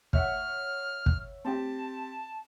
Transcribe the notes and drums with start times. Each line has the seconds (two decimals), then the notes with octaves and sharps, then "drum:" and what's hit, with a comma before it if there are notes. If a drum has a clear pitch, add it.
0.13 C#5 E5 F#5 F6, drum: kick
1.06 drum: kick
1.45 C4 G4 A5